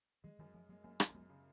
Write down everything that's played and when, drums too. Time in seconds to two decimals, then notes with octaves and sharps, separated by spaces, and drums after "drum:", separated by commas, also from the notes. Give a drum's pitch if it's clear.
0.24 D#3 F#3 G#3
0.39 F#2 D#3 F#3
0.54 F#2 F3 G#3
0.69 F#3 G#3 A#3
0.84 F#2 A#3 C#4
1.00 F#2, drum: rim click
1.15 F#2 G#3 B3
1.29 C#3